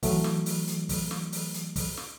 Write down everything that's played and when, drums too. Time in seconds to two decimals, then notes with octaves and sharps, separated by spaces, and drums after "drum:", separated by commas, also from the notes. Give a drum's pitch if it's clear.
0.03 E3 F#3 A3, drum: kick, open hi-hat
0.24 drum: snare
0.46 drum: open hi-hat
0.68 drum: hi-hat
0.89 drum: kick, open hi-hat
1.11 drum: snare
1.32 drum: open hi-hat
1.54 drum: hi-hat
1.76 drum: kick, open hi-hat
1.97 drum: snare